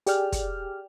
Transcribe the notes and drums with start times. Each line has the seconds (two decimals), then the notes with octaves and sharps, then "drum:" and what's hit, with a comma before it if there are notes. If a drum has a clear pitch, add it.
0.07 G4 G#4 D5 G5 F6, drum: hi-hat
0.32 drum: kick, hi-hat